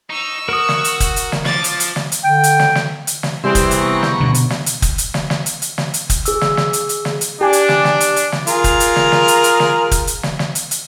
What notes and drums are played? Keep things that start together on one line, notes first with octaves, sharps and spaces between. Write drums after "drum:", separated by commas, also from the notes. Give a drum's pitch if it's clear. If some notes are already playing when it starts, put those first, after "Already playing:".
D#4 C#6 E6
F#4 A#4 D#6
drum: snare
drum: hi-hat
drum: kick, hi-hat
drum: hi-hat
drum: snare
F3 D6 A6, drum: snare
drum: hi-hat
drum: hi-hat
drum: snare
drum: hi-hat
D3 G5
drum: hi-hat
drum: snare
drum: snare
drum: hi-hat
drum: snare
C3 E3 G3 C4 G4 G#4 E5 C6
drum: kick, hi-hat
drum: hi-hat
B3 A#5 C#6
drum: snare
B2 D3
drum: hi-hat
drum: snare
drum: hi-hat
drum: kick, hi-hat
drum: hi-hat
drum: snare
drum: snare
drum: hi-hat
drum: hi-hat
drum: snare
drum: hi-hat
drum: kick, hi-hat
G#4 E6, drum: hi-hat
drum: snare
drum: snare
drum: hi-hat
drum: hi-hat
drum: snare
drum: hi-hat
D4 G4 G#5
drum: hi-hat
drum: snare
drum: snare
drum: hi-hat
drum: hi-hat
drum: snare
F4 G#4 A#4, drum: hi-hat
drum: kick, hi-hat
drum: hi-hat
drum: snare
drum: snare
drum: hi-hat
drum: hi-hat
drum: snare
drum: kick, hi-hat
drum: hi-hat
drum: snare
drum: snare
drum: hi-hat
drum: hi-hat